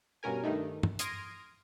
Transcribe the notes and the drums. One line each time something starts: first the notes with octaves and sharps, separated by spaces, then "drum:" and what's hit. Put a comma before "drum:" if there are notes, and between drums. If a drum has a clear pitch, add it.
G2 B2 C#4 A#4 G#5
G2 D#3 A3 D#4
drum: tom
C6 D#6 F6 G#6 A#6 D7, drum: hi-hat